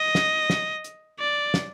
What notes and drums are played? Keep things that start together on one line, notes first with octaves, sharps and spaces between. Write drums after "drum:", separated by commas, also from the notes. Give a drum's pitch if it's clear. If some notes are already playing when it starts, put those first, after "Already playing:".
Already playing: D#5
drum: snare
drum: snare
drum: hi-hat
D5
drum: snare